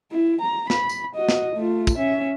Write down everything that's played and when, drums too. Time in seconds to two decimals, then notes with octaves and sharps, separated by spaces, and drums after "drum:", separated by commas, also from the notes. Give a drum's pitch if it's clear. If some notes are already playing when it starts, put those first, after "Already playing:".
0.12 E4
0.42 A#5
0.70 B5, drum: snare
0.89 drum: tambourine
1.16 F#4 D#5
1.29 drum: snare
1.56 A3 F4
1.87 drum: kick, tambourine
1.98 C#4 E5